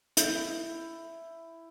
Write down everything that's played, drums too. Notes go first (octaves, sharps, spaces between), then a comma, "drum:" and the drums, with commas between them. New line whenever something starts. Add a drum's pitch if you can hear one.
E4 G6, drum: hi-hat